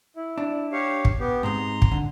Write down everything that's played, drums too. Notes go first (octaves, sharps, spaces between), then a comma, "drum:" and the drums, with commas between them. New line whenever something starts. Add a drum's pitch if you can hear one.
E4
D4
G4 C#5 F5
drum: kick
B3 G4
G#2 C3 G#3 A#5 C6
drum: kick
D3